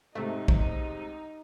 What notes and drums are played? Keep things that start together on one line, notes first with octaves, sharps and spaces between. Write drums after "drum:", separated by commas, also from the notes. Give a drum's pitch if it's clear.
G#2 C3 A3 D#4
drum: kick